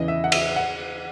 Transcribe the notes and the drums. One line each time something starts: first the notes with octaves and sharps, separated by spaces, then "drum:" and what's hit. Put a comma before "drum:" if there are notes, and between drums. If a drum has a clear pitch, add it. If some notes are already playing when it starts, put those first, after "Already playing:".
Already playing: E2 C#3 E3 D#5
E5
F#5
E5, drum: cymbal
F#5